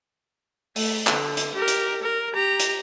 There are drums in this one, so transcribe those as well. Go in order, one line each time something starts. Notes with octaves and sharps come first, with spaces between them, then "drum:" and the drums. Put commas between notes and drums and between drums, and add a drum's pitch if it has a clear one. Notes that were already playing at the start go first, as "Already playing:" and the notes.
A3, drum: open hi-hat
D3, drum: clap
drum: hi-hat
G4 A#4
drum: hi-hat
A#4
G4 A#5
drum: hi-hat